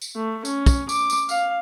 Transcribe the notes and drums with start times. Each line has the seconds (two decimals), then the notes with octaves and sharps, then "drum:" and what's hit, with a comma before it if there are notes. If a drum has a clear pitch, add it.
0.02 drum: tambourine
0.15 A3
0.45 C#4, drum: tambourine
0.66 drum: kick, tambourine
0.89 D6, drum: tambourine
1.10 drum: tambourine
1.29 F5, drum: tambourine